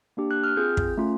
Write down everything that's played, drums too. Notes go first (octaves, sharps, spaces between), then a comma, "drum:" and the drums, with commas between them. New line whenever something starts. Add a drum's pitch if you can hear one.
A#3 D4 G4
F#6
F6
C4 F4 G#4 G6
drum: kick
A3 C#4 F4